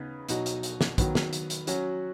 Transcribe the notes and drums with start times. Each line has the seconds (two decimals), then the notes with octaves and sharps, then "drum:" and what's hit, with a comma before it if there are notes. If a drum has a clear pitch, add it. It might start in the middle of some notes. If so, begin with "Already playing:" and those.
Already playing: C#3 B3 D#4
0.29 B2 F#3 D#4 F#4, drum: hi-hat
0.46 drum: hi-hat
0.63 drum: hi-hat
0.81 drum: snare
0.98 D#3 F#3 B3, drum: kick, hi-hat
1.15 drum: snare
1.33 drum: hi-hat
1.50 drum: hi-hat
1.67 F#3 C#4 F#4, drum: hi-hat